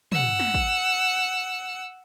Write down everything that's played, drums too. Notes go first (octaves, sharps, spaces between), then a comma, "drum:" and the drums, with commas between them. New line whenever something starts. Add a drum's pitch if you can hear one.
F#5 E6, drum: tom
drum: snare
drum: kick